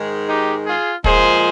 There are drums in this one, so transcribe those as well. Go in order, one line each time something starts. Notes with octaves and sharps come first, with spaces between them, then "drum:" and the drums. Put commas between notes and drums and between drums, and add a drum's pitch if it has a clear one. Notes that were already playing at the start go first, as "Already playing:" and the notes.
Already playing: G#2 D#3 G#3
D#4 G4
F4 G#4
A#2 F3 G#3 G#4 C5, drum: kick